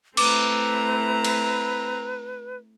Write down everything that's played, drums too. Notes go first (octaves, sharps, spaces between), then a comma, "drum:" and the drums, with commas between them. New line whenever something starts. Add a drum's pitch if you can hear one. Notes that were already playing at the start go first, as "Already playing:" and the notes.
A3 C4 E4 B4 A#5 D6, drum: cymbal
drum: cymbal